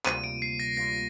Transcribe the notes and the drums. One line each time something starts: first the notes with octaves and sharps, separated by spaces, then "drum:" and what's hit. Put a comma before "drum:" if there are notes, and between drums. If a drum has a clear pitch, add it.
D2 C3 G3 A#3 F4 D#7, drum: clap
D7
C7
A#6
D2 C3 G3 A#3 F4 A#6